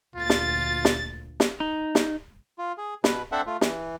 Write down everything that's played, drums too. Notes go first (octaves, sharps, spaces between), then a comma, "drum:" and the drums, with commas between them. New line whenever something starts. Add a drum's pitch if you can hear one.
D2 A#2 F4 A6
drum: snare
drum: snare
drum: snare
D#4
drum: snare
F4
G#4
B2 B4, drum: snare
C4 D4 A4 C5 E5 F#5
A3 F4
E3, drum: snare